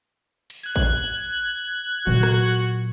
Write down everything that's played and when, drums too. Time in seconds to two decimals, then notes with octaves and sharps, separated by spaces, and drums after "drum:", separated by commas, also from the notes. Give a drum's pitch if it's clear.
0.50 drum: cymbal
0.63 F#6 G#6
0.76 drum: kick A1
2.07 A#2 F#3 F#4, drum: tom C3
2.23 drum: rim click
2.48 drum: hi-hat